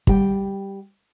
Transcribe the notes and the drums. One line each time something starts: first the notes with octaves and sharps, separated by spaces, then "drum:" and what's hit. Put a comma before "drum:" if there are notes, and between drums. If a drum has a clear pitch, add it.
G3 G5, drum: kick